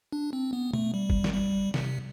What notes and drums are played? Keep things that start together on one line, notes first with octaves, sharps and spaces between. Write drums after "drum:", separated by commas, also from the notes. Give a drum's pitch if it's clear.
D4
C4
B3
A3, drum: tom B2
G3
drum: kick G1
drum: snare
G3
C3, drum: snare